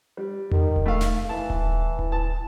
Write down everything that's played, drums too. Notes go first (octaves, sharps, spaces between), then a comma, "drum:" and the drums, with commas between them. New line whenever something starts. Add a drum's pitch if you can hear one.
G3
D#3, drum: tom E2
drum: kick D#1
A3 F5
drum: snare
E3 A5
drum: kick D#1
drum: kick D#1
E3 A5